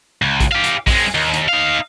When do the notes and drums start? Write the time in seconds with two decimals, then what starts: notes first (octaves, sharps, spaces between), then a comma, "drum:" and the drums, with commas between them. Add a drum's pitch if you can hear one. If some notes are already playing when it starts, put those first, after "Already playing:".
0.22 C#2
0.40 drum: kick A#1, hi-hat
0.51 G4 F5
0.64 drum: hi-hat
0.87 G#3 C4, drum: kick A#1, open hi-hat
1.15 D#2
1.34 drum: hi-hat
1.48 D#4 F5